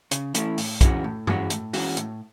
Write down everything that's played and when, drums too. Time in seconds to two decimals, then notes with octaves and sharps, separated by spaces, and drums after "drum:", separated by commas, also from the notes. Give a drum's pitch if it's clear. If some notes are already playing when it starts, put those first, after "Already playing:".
0.11 C#3, drum: hi-hat
0.34 E3 A3 C#4 E4, drum: hi-hat
0.58 A2, drum: open hi-hat
0.81 E3 G#3 C#4 F#4, drum: kick, hi-hat
1.04 A2
1.27 E3 G#3 C#4 F#4, drum: tom G2
1.50 A2, drum: hi-hat
1.73 E3 G#3 C#4 F#4, drum: open hi-hat
1.97 A2, drum: hi-hat